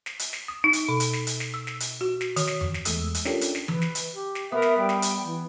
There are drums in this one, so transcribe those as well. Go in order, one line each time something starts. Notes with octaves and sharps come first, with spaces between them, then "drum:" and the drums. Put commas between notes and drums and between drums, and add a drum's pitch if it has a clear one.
drum: snare
drum: hi-hat
drum: snare
D#6
D#4
drum: hi-hat
B2
drum: hi-hat
drum: snare
drum: hi-hat
drum: snare
E6
drum: snare
drum: hi-hat
F#4
drum: snare
D#3, drum: hi-hat
drum: snare
drum: tom F2
drum: snare
E2 G#3 A3 D#6 E6, drum: hi-hat
drum: hi-hat
C#4 D4 F4 G4 A4 A#4, drum: snare
drum: hi-hat
drum: snare
B4, drum: tom E3
drum: snare
drum: hi-hat
G4
drum: snare
B3 A#4 E5
drum: snare
G3 G5
drum: snare
drum: hi-hat
E3